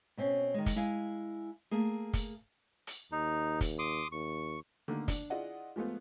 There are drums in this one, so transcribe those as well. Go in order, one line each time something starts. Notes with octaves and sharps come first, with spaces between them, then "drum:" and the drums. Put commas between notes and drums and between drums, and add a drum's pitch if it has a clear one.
B2 C4 C#4
D#3 G#3
drum: kick, hi-hat
G#3 E4 F5 G#5
A3 A#3 G#4
drum: kick, hi-hat
drum: hi-hat
D#2 D#4
drum: kick, hi-hat
C6 D6 D#6
D#2 C#6
D3 D#3 A3 A#3
D4, drum: kick, hi-hat
E4 F4 G#4 D5 D#5 F#5
F3 G#3 A3 B3 F4